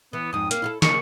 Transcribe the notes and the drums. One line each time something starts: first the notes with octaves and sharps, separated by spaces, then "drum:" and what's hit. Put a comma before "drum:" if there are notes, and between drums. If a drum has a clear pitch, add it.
E3 B3
F2 G#2 D#6
A#3 F5, drum: hi-hat
E4 F4 A4
C#3 A#3 D#4 C#6, drum: snare